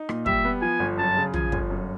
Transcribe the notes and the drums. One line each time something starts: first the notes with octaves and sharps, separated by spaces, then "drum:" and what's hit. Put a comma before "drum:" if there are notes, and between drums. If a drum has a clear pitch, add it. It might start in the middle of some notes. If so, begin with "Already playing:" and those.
Already playing: D#4
A#2, drum: rim click
G3 E5, drum: kick
B3
F3 G#5
G1
F#2 A5
C#3
F3 G#5, drum: tom
G1, drum: kick
F#2